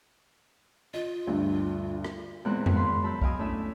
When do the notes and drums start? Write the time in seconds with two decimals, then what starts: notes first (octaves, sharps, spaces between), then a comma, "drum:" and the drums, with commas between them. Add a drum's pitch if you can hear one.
0.94 F4 D#5
1.27 D2 G2
2.05 drum: rim click
2.45 E2 A#2 G#3 C4 A#4 F#6
2.66 drum: tom F2
2.75 F5 B5 C6
3.02 F#2 A5 B5 E6 G6
3.22 D#5 F5 G5 G#5 D#6, drum: kick B1
3.39 A3 C#4 D4 E4 E5